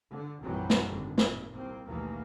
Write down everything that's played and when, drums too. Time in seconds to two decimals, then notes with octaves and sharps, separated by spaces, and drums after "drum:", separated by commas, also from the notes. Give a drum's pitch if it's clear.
0.11 D3
0.40 A#1 F#2 C3 E3 F#3 G3
0.70 drum: snare
0.86 G#1 D3
1.18 G#1 A#2, drum: snare
1.52 C2 A#3 C4
1.86 A1 D#2 B2 E3 F#3 A#3